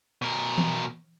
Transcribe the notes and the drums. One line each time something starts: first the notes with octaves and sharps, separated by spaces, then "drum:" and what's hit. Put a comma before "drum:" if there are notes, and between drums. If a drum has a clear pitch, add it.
B2 A#4
drum: tom E3